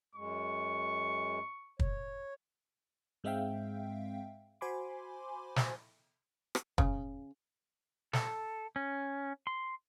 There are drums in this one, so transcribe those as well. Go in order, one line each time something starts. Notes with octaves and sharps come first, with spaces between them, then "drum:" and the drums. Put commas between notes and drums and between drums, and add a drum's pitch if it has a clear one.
F#2 G#3 C#6
C#5, drum: kick
G#2 G#3 C4 E5 F5 G5
F#4 C5 G#5 B5 C6 D6
drum: snare
drum: rim click
C#3, drum: kick
A4, drum: snare
C#4
C6